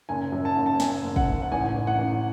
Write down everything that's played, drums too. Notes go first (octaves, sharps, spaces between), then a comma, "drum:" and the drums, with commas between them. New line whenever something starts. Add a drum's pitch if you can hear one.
F#1 G#5
F#2
A5
F#1
A5
F#1 G#5, drum: snare
F#1
F#5, drum: kick
F#1
F#5
A1 G#5
A1
F#5
A1